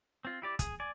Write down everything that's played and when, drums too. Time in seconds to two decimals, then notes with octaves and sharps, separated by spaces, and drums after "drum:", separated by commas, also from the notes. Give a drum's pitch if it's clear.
0.25 C4 F4
0.42 E4 G4 D5
0.59 G#4, drum: kick, hi-hat
0.80 D5 G#5